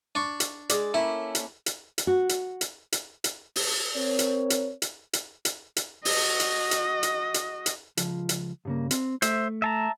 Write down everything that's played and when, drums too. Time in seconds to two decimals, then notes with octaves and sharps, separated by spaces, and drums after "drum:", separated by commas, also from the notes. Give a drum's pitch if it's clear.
0.15 D4 C#6
0.40 drum: hi-hat
0.69 G#3 D5, drum: hi-hat
0.94 A3 A#3 C#4 E4
1.35 drum: hi-hat
1.66 drum: hi-hat
1.98 drum: hi-hat
2.07 F#4
2.29 drum: hi-hat
2.61 drum: hi-hat
2.92 drum: hi-hat
3.24 drum: hi-hat
3.56 drum: open hi-hat
3.95 C4 A#4 C#5
4.19 drum: hi-hat
4.50 drum: hi-hat
4.82 drum: hi-hat
5.13 drum: hi-hat
5.45 drum: hi-hat
5.76 drum: hi-hat
6.05 F#4 D#5, drum: open hi-hat
6.40 drum: hi-hat
6.71 drum: hi-hat
7.03 drum: hi-hat
7.34 drum: hi-hat
7.66 drum: hi-hat
7.97 C#2 F3, drum: hi-hat
8.29 drum: hi-hat
8.65 G2 C#3 A#3
8.91 C4, drum: hi-hat
9.22 A3 C5 E5, drum: hi-hat
9.62 E5 A5 A#5